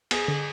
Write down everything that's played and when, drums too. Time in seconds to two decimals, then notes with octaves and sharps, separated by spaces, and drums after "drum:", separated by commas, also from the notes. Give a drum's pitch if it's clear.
0.11 B3 G#4, drum: cymbal
0.28 D3